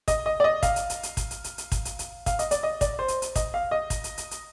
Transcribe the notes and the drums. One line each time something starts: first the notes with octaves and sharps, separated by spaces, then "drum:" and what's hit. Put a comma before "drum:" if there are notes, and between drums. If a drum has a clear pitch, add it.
D#5, drum: kick, hi-hat
D#5
D5
D#5
F5, drum: kick, hi-hat
drum: hi-hat
drum: hi-hat
drum: hi-hat
drum: kick, hi-hat
drum: hi-hat
drum: hi-hat
drum: hi-hat
drum: kick, hi-hat
drum: hi-hat
drum: hi-hat
F5, drum: kick, hi-hat
D#5, drum: hi-hat
D5, drum: hi-hat
D#5
D5, drum: kick, hi-hat
C5
drum: hi-hat
drum: hi-hat
D#5, drum: kick, hi-hat
F5
D#5
drum: kick, hi-hat
drum: hi-hat
drum: hi-hat
drum: hi-hat